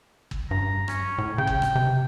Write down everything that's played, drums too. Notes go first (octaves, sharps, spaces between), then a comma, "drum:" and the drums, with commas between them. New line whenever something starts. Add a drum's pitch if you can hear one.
drum: kick G1
G2 A#5
C#4, drum: rim click
A2
C#3 G5
drum: kick G1
drum: rim click
C3